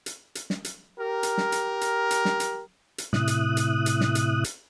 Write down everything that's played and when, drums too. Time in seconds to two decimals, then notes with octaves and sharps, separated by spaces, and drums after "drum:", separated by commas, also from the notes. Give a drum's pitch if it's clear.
0.06 drum: hi-hat
0.35 drum: hi-hat
0.50 drum: snare
0.65 drum: hi-hat
0.99 G4 A#4
1.23 drum: hi-hat
1.38 drum: snare
1.52 drum: hi-hat
1.81 drum: hi-hat
2.11 drum: hi-hat
2.25 drum: snare
2.40 drum: hi-hat
2.98 drum: hi-hat
3.13 A2 C3 E4 D#6 F#6, drum: snare
3.27 drum: hi-hat
3.57 drum: hi-hat
3.86 drum: hi-hat
4.01 drum: snare
4.15 drum: hi-hat
4.44 drum: hi-hat